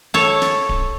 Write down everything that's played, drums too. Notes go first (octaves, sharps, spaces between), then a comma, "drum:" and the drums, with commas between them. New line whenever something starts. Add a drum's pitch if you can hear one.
A4 C#5
drum: snare
drum: kick D1